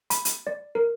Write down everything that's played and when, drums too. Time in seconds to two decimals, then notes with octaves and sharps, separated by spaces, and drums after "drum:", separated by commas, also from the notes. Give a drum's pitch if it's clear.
0.10 B5, drum: hi-hat
0.25 drum: hi-hat
0.47 D5
0.75 A#4